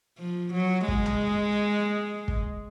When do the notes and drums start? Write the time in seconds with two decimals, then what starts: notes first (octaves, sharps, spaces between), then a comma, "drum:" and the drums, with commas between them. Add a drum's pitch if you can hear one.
0.18 F3
0.53 F#3
0.88 G#3, drum: kick
1.06 drum: tom B1
2.28 drum: kick